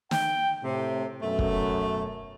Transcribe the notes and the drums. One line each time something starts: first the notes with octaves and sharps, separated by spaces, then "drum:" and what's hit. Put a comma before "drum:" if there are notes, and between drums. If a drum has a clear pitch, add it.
G5, drum: snare
A2 C3
F#2 B2 A3
drum: kick